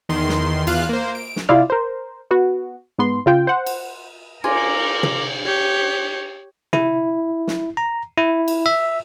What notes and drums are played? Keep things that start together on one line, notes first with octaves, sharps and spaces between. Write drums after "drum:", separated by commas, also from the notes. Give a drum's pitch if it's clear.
E2 D#3 C6
drum: snare
E2 F4 F5 F#6, drum: cymbal
A#3 C5
D7
drum: snare
C3 E4 F4 D5 F5
A#4 C5
B3 F#4
G#2 B3 C6
C#3 F4 G5
C5 F#5
drum: cymbal
F4 A#4 G#5 D6, drum: cymbal
drum: tom
G4 C#5
E4, drum: tom
drum: snare
A#5
E4
drum: cymbal
E5